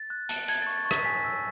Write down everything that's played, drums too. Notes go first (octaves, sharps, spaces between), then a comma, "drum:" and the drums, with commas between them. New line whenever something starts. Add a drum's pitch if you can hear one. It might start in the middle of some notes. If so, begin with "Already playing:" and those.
Already playing: A6
F#6
A5, drum: hi-hat
A5 G#6, drum: hi-hat
C#6 A6
A6
C#6
B6, drum: rim click
G#5 B6
E6